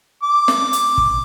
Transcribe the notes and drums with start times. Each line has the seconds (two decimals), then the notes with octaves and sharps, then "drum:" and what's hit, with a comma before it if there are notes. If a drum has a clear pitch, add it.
0.23 D6
0.48 drum: snare
0.73 drum: hi-hat
0.98 drum: kick